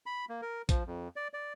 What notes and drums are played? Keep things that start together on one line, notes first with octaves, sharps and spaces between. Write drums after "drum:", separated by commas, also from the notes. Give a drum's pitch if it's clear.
B5
A#3
A#4
F3, drum: kick, hi-hat
F2
D5
D5